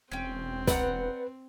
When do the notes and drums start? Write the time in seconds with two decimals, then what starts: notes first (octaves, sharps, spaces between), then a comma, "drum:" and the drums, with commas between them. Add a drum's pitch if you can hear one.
0.12 E1 C4 C#4 G5
0.67 B4 D5 F#5 A#5, drum: snare